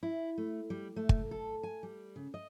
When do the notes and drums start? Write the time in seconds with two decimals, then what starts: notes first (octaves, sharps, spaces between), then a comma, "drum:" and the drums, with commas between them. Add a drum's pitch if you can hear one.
0.03 E4
0.38 A3
0.70 G3
0.96 A3
1.09 drum: kick
1.31 A4
1.63 G#5
1.83 G3
2.16 C#3
2.34 D#5